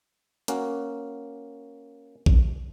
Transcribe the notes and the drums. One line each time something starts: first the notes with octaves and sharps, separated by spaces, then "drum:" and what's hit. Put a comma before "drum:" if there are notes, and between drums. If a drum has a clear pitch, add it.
A#3 C#4 F#4, drum: hi-hat
drum: kick A#1